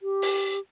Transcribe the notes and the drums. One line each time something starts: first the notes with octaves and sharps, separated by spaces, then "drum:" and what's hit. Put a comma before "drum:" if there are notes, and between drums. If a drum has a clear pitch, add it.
G4
drum: open hi-hat